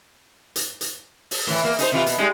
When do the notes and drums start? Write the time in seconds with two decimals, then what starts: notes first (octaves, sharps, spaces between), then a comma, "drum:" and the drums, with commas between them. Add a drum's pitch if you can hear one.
0.56 drum: hi-hat
0.81 drum: hi-hat
1.31 drum: open hi-hat
1.47 A2 E3
1.63 E2 A#3
1.79 D#4 G#4 C5, drum: hi-hat
1.92 C3 E3 F4
2.06 B2, drum: hi-hat
2.18 G3 G#3 D#4